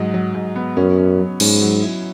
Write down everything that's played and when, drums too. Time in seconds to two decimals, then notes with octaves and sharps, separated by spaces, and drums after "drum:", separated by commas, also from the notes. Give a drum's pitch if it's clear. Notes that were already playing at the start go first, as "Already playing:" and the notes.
Already playing: G#2 F#3 D#4
0.14 F#3
0.35 G#2
0.56 B3
0.77 F#2 C#4
0.98 C#4
1.19 F#3
1.40 G#2 C#4, drum: cymbal
1.62 F#3
1.82 E4